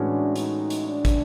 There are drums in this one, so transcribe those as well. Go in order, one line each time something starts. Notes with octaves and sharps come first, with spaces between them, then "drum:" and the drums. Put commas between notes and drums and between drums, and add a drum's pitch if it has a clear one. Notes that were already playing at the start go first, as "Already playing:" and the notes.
Already playing: A2 E3 G#3 C#4 D4 F#4
D#4, drum: hi-hat
drum: hi-hat
D4
drum: kick, hi-hat